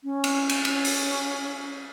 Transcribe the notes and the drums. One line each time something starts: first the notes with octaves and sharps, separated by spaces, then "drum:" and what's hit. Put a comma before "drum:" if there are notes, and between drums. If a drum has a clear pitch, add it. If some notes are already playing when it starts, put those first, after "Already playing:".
C#4
drum: cymbal
drum: cymbal
C#4, drum: cymbal
drum: open hi-hat